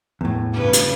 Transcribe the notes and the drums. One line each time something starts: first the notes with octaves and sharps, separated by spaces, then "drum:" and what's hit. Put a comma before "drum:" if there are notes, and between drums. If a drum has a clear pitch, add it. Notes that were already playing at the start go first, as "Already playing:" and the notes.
E2 A2
G2 C#3 B4
drum: hi-hat